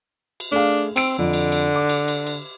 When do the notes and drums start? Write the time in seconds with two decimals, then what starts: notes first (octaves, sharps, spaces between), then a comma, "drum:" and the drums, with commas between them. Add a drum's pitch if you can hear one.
0.40 drum: cymbal
0.52 A3 D4 G#4 F5
0.96 C4 E6 D7, drum: cymbal
1.18 F2 D3
1.33 drum: cymbal
1.52 drum: cymbal
1.76 D6
1.89 drum: cymbal
2.08 drum: cymbal
2.27 drum: cymbal